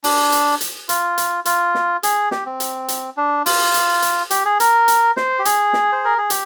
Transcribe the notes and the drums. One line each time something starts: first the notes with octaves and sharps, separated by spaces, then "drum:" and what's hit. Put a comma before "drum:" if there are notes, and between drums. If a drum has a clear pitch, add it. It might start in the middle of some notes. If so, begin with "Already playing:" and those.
D4, drum: open hi-hat
drum: hi-hat
drum: hi-hat
F4, drum: hi-hat
drum: hi-hat
F4, drum: hi-hat
drum: snare
G#4, drum: hi-hat
G4, drum: snare
C4
drum: hi-hat
drum: hi-hat
D4
F4, drum: open hi-hat
drum: hi-hat
drum: hi-hat
G4, drum: hi-hat
G#4
A#4, drum: hi-hat
drum: hi-hat
C5, drum: snare
G4
G#4, drum: hi-hat
drum: snare
C5
A#4
G#4
G4, drum: hi-hat